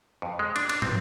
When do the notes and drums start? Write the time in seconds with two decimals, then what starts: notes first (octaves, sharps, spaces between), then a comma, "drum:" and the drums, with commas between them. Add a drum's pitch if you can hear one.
0.22 F2
0.39 G#3
0.56 D4, drum: cymbal
0.69 D4, drum: cymbal
0.82 C4, drum: tom